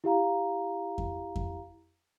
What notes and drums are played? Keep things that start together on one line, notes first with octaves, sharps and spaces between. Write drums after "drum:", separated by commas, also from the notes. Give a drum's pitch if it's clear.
E4 G4 F5 A#5
drum: kick F2
drum: kick F2